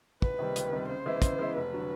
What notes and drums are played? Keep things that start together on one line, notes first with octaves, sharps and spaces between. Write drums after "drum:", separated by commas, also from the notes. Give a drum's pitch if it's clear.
C#2 B4, drum: kick
C3 D#3 G3 C4
C#2, drum: hi-hat
C3 D#3 G3 C4
C#3 C5
E3 G#3 B3 E4
C#3, drum: kick, hi-hat
E3 G#3 B3 E4
F1 B4
D3 F#3